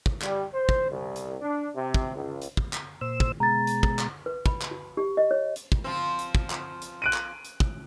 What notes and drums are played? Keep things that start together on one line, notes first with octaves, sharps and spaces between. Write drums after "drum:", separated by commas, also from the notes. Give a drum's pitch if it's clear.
drum: kick
G3, drum: clap
C5
drum: kick
C2
drum: hi-hat
D4
C3
drum: kick
C#2
drum: hi-hat
drum: kick
drum: clap
A#2 C5 E6
drum: kick
B2 G#3 A#5 A6
drum: hi-hat
drum: kick
drum: clap
B4
B5, drum: kick
drum: clap
F#4
G4
D#5
C#5
drum: hi-hat
drum: kick
F3 C4
drum: hi-hat
drum: kick
drum: clap
drum: hi-hat
F#6 D7 D#7
drum: clap
drum: hi-hat
drum: kick